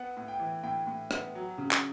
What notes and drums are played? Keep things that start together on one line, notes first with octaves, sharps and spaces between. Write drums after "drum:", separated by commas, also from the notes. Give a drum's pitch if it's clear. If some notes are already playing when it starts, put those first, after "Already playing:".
Already playing: B3 F#5
A2
G5
E3
A2 G5
A2
B3, drum: rim click
F#3
C#3
drum: clap